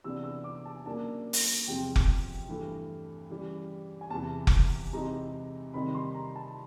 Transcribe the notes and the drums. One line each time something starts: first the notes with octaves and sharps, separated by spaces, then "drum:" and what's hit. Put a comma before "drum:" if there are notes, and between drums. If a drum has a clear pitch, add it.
C3 E3 G#3 B3 D4 E6
E6
D6
A5
G#5
C#3 F#3 A#3 D4 A5
drum: open hi-hat
E2 C3 F3 G#3 C4 G5
drum: kick F1
G2 E3 A3
C#3 E3 G3
G#5
E2 C3 E3 A5
drum: kick F1
C3 E3 G#3 C4 D#4 A#5
C3 D#3 G3 C4 D#4 B5
C6
A#5
A5